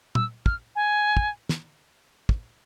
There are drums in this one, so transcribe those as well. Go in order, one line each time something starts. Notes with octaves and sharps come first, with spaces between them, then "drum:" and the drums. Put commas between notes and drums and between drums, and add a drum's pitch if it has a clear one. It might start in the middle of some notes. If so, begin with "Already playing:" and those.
E6, drum: tom
F6, drum: kick
G#5
drum: kick
drum: snare
drum: kick